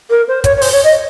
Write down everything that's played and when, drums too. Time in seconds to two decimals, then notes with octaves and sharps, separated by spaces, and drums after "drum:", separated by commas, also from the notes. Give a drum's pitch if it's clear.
0.10 A#4
0.28 C5
0.44 C#5, drum: kick, hi-hat
0.57 C#5
0.61 C5, drum: open hi-hat
0.73 C#5
0.84 D#5